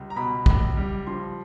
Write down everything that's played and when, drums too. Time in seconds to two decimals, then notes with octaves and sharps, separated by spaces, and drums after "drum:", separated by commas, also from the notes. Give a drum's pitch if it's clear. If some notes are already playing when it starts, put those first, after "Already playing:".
Already playing: C#2 G3
0.10 A#5
0.16 B2 B5
0.46 C#2, drum: kick
0.77 G3
1.07 F3 C6